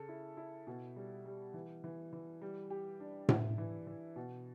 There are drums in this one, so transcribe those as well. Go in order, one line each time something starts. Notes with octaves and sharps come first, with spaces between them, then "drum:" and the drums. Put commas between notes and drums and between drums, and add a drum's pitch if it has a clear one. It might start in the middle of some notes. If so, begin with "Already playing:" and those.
Already playing: C#3 A4
E4
E4
B2
G3
G3
E3
E3
E3
G3
G4
D4
E4, drum: tom A2
E3
E3
B2